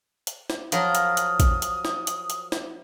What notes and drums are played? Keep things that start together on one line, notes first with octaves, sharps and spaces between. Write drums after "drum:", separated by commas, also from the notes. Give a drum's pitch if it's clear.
drum: hi-hat
drum: snare
F3 F#3 A#4 D#6, drum: hi-hat
drum: hi-hat
drum: hi-hat
drum: kick A1, hi-hat
drum: hi-hat
drum: snare
drum: hi-hat
drum: hi-hat
drum: snare